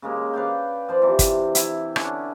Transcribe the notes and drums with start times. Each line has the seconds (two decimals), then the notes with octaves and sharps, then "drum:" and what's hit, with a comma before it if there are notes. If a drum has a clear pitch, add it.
0.02 C#3 G#3 A#3
0.33 B4 D5 F5 G5
0.89 F3 C5 D5
1.02 C3 E3
1.19 drum: kick, hi-hat
1.55 E4, drum: hi-hat
1.96 D3 C#4 D4, drum: rim click